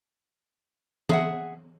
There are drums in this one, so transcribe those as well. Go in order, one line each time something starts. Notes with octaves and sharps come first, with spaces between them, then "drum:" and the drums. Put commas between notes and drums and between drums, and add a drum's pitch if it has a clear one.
G#4 E5 F#5, drum: tom E3